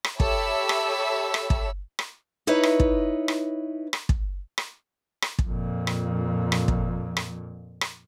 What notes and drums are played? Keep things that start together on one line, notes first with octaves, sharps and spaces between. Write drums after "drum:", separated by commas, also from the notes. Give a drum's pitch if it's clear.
drum: rim click
G4 A4 C#5 E5 B5 E6, drum: kick
drum: rim click
drum: rim click
drum: kick
drum: rim click
D#4 E4 B4 C#5
drum: rim click
drum: kick
drum: rim click
drum: rim click
drum: kick
drum: rim click
drum: rim click
drum: kick
F2 A#2
drum: rim click
drum: rim click
drum: kick
drum: rim click
drum: rim click